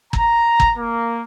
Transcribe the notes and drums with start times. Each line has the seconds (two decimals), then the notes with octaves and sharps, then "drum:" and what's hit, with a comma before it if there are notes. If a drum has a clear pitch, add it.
0.13 A#5, drum: kick G1
0.60 drum: kick G1
0.77 A#3